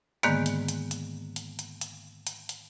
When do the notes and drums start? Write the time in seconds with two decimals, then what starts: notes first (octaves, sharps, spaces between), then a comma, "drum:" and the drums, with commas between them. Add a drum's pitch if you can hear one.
0.23 G#2 D3 D#3 G#3 A#3 B3, drum: hi-hat
0.46 drum: hi-hat
0.68 drum: hi-hat
0.91 drum: hi-hat
1.36 drum: hi-hat
1.59 drum: hi-hat
1.81 drum: hi-hat
2.27 drum: hi-hat
2.49 drum: hi-hat